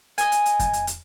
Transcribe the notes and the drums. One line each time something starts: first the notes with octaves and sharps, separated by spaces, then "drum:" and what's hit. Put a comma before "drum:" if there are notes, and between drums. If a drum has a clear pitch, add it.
D#5 G#5, drum: hi-hat
drum: hi-hat
drum: hi-hat
drum: kick F2, hi-hat
drum: hi-hat
drum: hi-hat